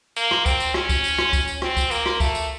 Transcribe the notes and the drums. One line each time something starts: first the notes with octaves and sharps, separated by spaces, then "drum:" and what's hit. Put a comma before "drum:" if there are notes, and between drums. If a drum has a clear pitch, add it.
A#3, drum: tambourine
drum: rim click
C4, drum: kick C#2, tambourine
drum: tambourine
C#4, drum: rim click
drum: kick C#2, tambourine
drum: tambourine
drum: rim click
drum: kick C#2, tambourine
drum: tambourine
C4, drum: rim click
drum: kick C#2, tambourine
A#3, drum: tambourine
drum: rim click
A3, drum: kick C#2, tambourine
drum: tambourine